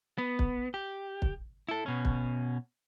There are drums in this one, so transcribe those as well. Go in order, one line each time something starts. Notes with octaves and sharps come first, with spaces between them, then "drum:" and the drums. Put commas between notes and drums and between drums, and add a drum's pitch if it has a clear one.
B3
drum: kick
G4
drum: kick
E4 A4
B2 C#4
drum: kick